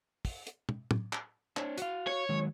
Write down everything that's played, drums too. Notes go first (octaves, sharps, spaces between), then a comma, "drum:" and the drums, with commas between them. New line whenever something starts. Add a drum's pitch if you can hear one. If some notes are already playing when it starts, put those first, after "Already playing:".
drum: kick, open hi-hat
drum: hi-hat
drum: tom
drum: tom
drum: clap
D4 C5 C#5, drum: clap
F#4 F5, drum: hi-hat
C#5
D#3 F#3 G#3